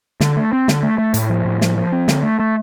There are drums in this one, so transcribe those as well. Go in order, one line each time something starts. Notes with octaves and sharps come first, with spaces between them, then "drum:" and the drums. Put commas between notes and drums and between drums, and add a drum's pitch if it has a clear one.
D3, drum: snare
A3
C4
D3, drum: snare
A3
A3
A2, drum: hi-hat
F3
A2
F3, drum: snare
F3
C4
D3, drum: snare
A3
A3